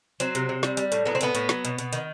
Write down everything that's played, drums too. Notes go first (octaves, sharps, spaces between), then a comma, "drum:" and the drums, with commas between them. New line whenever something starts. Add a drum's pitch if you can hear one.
F#3 C4, drum: hi-hat
C3, drum: hi-hat
C3
G3, drum: snare
G3, drum: hi-hat
A2, drum: hi-hat
F#3 B3
C4
A2 B3, drum: hi-hat
A2, drum: hi-hat
F#3, drum: snare
B2, drum: hi-hat
B2, drum: hi-hat
D#3, drum: hi-hat